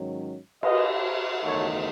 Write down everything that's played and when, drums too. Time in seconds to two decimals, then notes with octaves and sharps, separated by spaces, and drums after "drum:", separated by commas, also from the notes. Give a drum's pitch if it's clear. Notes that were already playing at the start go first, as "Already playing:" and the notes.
Already playing: G#2 D#3 F#3 C#4
0.63 B4 D#5, drum: cymbal
1.43 F#1 E2 D#3 A3 D#4 A4 C#5